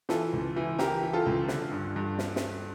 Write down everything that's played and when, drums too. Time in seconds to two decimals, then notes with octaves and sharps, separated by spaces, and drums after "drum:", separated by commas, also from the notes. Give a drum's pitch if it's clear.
0.09 E3 F4 A4, drum: snare
0.33 C#2
0.56 E3
0.78 E3 G4 A#4, drum: snare
1.02 E3
1.13 F4 A4
1.26 C#2
1.48 D3, drum: snare
1.72 G2
1.96 G2
2.19 drum: snare
2.36 drum: snare